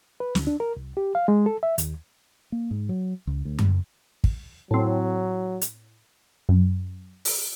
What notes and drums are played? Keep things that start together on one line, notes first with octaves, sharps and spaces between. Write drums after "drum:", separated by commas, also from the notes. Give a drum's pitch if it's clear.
B4
D2, drum: snare
D4
A#4
C2
G4
F5
G#3
A4
E5
D#2, drum: hi-hat
A#3
G#2
F#3
C#2
D2
G3, drum: tom F#2
drum: kick
A2 F#3 C4
drum: hi-hat
F#2
drum: open hi-hat